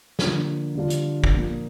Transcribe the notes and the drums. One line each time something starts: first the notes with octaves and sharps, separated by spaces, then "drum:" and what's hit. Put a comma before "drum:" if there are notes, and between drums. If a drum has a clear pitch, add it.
D3 F3 A#3, drum: snare
D3 G3 D4 F4
drum: hi-hat
drum: kick
A#2 F3 A#3